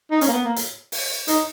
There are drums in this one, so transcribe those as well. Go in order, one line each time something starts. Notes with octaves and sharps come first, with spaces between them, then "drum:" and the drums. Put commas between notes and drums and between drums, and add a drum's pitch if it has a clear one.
D#4
C#4, drum: hi-hat
A#3
B3
A#3
drum: hi-hat
drum: open hi-hat
D#4, drum: hi-hat